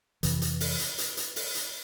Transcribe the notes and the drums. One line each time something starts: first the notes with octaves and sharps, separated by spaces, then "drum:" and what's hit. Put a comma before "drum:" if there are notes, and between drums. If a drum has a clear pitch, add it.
F2 C3 E3, drum: hi-hat
drum: hi-hat
drum: open hi-hat
drum: hi-hat
drum: hi-hat
drum: hi-hat
drum: open hi-hat
drum: hi-hat